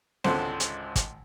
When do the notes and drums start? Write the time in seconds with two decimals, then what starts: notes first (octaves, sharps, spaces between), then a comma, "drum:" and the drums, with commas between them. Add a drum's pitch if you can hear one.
0.24 G#1 C#2 D3 C5, drum: snare C4
0.60 drum: hi-hat
0.96 drum: kick, hi-hat